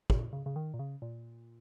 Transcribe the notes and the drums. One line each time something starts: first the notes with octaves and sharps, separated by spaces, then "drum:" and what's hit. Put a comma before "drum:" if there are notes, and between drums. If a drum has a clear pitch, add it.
A#2, drum: kick
C#3
C#3
D#3
A#2
C#3
A#2